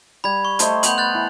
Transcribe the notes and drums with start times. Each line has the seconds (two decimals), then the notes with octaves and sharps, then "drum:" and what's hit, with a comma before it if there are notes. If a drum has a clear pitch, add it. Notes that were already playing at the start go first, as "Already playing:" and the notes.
0.24 G3 B5 G#6
0.45 C#6
0.59 A3 C5 D#5, drum: hi-hat
0.83 B3 C5 G6 F7 F#7, drum: hi-hat
0.98 F#6 G6 A6
1.14 E3